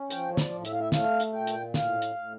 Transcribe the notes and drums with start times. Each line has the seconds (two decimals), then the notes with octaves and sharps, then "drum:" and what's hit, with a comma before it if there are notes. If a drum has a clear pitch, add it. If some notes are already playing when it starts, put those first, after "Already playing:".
Already playing: C#4
0.10 F3 G5, drum: hi-hat
0.33 C#5
0.37 D5, drum: snare
0.51 A2
0.65 E5, drum: hi-hat
0.73 F5
0.79 E5
0.92 A3 F5, drum: snare
1.20 drum: hi-hat
1.33 A#2 G5
1.47 drum: hi-hat
1.74 A2 F5, drum: snare
2.02 drum: hi-hat
2.16 A2